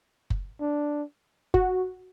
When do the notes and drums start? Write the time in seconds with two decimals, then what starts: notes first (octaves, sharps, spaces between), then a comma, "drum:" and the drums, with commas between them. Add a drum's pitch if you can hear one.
0.30 drum: kick F#1
0.61 D4
1.54 F#4, drum: kick F#1